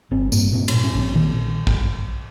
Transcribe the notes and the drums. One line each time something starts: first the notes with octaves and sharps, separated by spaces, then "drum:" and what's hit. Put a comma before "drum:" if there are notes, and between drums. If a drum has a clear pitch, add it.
G1 C4
G2 A#3, drum: tambourine
A#2 C4
C#4, drum: cymbal
A#2
C#4
A#1
C4
A#2 D#3
drum: kick